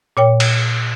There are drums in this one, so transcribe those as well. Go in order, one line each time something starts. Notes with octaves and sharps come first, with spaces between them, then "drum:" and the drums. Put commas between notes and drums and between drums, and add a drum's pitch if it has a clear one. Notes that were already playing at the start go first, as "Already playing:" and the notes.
A#2 C#5 G5
drum: cymbal